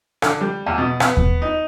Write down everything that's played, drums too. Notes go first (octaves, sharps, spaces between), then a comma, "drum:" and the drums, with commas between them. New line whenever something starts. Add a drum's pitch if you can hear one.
D3, drum: rim click
G3
E2
B2
B3, drum: rim click
drum: kick D#2
D#4